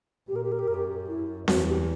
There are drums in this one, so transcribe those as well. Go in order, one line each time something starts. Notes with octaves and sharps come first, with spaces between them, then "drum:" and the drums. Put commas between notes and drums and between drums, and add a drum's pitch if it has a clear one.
A#2 G4
A#4
G4
A#4
G4
F#2 A#4
G4
E4
E2 F#4, drum: snare C4
G4